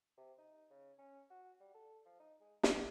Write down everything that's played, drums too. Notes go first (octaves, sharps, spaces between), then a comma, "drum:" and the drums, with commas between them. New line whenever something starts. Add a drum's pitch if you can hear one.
C3
D#4
C#3
C#4
F#4
G3
A4
F3
D#4
G#3
G#4, drum: snare